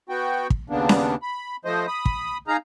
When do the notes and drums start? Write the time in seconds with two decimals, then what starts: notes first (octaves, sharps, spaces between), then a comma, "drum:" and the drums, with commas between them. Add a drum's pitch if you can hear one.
0.09 B3 F#4 G5
0.50 drum: kick
0.70 D#2 C#3 A#3 B3 D4
0.89 drum: snare C#4
1.22 B5
1.65 F3 A3 C5 D#5
1.87 B5 D#6
2.06 drum: kick
2.48 D#4 G#4 F5 A#5